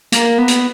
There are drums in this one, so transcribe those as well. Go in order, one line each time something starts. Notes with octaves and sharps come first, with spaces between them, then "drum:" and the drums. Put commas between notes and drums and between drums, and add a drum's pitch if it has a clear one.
A#3, drum: hi-hat
B3
drum: hi-hat